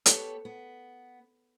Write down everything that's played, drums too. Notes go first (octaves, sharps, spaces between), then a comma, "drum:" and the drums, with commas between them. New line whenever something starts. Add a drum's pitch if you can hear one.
B3 G4 A4 B4 C#5, drum: hi-hat
B3